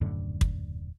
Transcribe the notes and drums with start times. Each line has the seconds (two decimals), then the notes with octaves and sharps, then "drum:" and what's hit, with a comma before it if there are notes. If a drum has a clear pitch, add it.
0.01 D#1 F#2 A2 D3
0.41 drum: kick